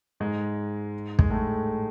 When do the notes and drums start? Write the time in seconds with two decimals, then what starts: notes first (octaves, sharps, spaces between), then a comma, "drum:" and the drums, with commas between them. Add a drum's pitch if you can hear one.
0.20 G#2 G#3
1.19 G#3, drum: kick
1.30 A2 A3